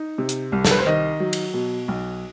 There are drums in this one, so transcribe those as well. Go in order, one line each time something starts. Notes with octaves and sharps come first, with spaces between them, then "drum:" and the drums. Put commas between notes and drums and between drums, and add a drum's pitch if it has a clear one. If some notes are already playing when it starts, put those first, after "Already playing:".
Already playing: D#4
C3
drum: hi-hat
C2
A4, drum: snare
B4
C5
D#3 D#5
F#3
drum: cymbal
B2
B1